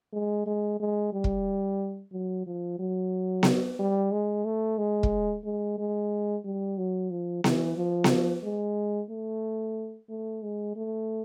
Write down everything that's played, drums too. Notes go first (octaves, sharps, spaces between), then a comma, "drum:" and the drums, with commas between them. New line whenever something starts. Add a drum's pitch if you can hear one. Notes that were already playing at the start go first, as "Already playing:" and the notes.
G#3
G#3
G#3
G3
drum: kick
F#3
F3
F#3
drum: snare B3
G3
G#3
A3
G#3
drum: kick
G#3
G#3
G3
F#3
F3
E3, drum: snare B3
F3
drum: snare B3
G#3
A3
A3
G#3
A3